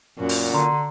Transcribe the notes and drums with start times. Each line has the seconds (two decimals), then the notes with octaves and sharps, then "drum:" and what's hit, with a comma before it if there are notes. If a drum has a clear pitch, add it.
0.18 F#2 A#2 F#4
0.29 drum: open hi-hat
0.54 D3 A#5 C6